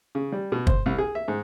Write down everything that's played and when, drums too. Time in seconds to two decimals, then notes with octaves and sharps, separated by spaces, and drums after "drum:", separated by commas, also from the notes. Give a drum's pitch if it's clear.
0.15 C#3
0.32 G3
0.52 B2
0.67 C5, drum: kick
0.86 C2
0.98 G#4
1.15 E5
1.28 G#2